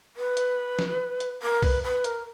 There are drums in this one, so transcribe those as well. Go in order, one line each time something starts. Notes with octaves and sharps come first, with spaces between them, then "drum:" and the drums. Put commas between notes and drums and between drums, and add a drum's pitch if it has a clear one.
B4
drum: hi-hat
drum: snare
drum: hi-hat
A#4
B4, drum: kick, open hi-hat
B4
A#4, drum: hi-hat